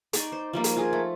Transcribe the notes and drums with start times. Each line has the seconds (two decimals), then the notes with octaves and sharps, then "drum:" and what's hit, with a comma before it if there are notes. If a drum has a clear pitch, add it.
0.13 D#4 D5 C#6 D6, drum: hi-hat
0.32 C5
0.53 F3 G3 A#3
0.64 drum: hi-hat
0.76 F4 G#4 A#4
0.93 A3